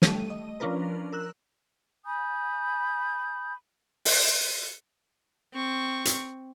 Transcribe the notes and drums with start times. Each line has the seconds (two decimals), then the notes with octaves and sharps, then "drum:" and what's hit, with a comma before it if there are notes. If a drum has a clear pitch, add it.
0.02 G3 A3 D#7, drum: snare
0.30 D#5
0.60 F3 C#4 D4 F4 A#4 B4
1.12 A#4 E6 F#6
2.05 G#5 B5 D#6 G6
4.05 drum: open hi-hat
5.54 C4 C#6
6.05 drum: hi-hat